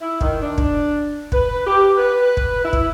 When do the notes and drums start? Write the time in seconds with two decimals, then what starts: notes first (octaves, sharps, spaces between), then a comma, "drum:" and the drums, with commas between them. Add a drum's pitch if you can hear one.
0.01 E4
0.21 D#3, drum: kick
0.42 D4
0.58 drum: kick
1.32 B4, drum: kick
1.65 G4
1.97 B4
2.37 drum: kick
2.64 E4
2.73 drum: kick